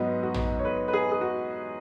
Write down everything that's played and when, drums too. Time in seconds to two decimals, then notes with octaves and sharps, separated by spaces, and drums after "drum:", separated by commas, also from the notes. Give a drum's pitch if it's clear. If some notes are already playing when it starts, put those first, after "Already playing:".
Already playing: G#2 F#3 B3 D#4
0.23 F#4
0.34 drum: tom
0.59 C#5
0.65 B4
0.88 B4
0.93 G#4
1.12 G#4
1.21 F#4